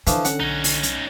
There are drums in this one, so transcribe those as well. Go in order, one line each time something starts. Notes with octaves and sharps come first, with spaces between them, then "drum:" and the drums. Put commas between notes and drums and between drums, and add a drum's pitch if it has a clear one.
D3 E3 F3 F5, drum: hi-hat
C#4 D4 A4 F#5, drum: hi-hat
B1 C#4 D#4 F#6
drum: open hi-hat
drum: hi-hat